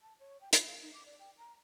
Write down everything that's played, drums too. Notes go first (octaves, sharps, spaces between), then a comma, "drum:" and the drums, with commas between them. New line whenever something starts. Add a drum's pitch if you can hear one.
A5
C#5
G5
F4, drum: hi-hat
F5
D#4
D6
D5
G5
A#5